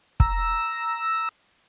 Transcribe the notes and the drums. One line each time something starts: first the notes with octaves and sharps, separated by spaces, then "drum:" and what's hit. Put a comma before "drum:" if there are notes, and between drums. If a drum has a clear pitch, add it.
A#5 E6, drum: kick